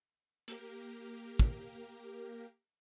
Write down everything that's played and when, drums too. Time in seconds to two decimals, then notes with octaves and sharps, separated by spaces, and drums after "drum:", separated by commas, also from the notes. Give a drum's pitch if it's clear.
0.48 A#3 G4 A#4, drum: hi-hat
1.39 drum: kick